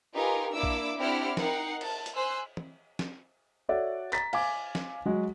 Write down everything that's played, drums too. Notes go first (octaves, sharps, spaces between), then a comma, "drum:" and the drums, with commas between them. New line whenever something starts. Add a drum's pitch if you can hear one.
D#4 F4 G4 A#4 B4 G#5
A#3 D4 E4 D6 E6
drum: kick A#1
C4 D4 E4 G4 F#5 F6
D#4 A#4 F#5 G5 C7, drum: snare
A5, drum: cymbal
drum: hi-hat
C5 G#5 E6 F#6
drum: tom
drum: snare
F#4 A4 C#5 D5 E5 F#5
A#5 A6 B6, drum: clap
F5 G#5 D6, drum: cymbal
drum: snare
F#3 G#3 F#4